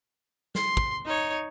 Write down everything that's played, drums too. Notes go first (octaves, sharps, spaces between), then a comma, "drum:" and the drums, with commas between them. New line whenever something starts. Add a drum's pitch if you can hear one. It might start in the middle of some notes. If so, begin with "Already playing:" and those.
C6, drum: snare
drum: kick
D#4 C#5